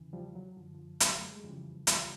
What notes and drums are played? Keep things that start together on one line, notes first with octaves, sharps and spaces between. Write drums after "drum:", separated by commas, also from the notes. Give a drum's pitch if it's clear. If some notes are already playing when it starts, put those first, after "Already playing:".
Already playing: E2 C#3 E3
F3 G3
F#3
F#2 D3 F3
F3
F#3, drum: hi-hat
A3
G#3
F2 C#3 E3 F3 G3
F3 G3, drum: hi-hat